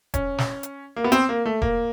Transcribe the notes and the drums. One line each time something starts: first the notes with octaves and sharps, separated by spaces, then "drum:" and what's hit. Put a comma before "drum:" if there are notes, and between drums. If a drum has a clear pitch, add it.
C#4, drum: kick E1, hi-hat
drum: snare
drum: hi-hat
A#3
B3
C4, drum: hi-hat
A#3
A3
A#3, drum: kick E1